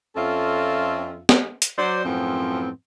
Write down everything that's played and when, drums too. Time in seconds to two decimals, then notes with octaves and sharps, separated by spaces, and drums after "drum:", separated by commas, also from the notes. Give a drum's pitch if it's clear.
0.16 F2 C4 C#4 F4 A4 E5
1.29 drum: snare
1.62 drum: hi-hat
1.78 F#3 C5 D5
2.05 F#2 A2 F3 B3 C4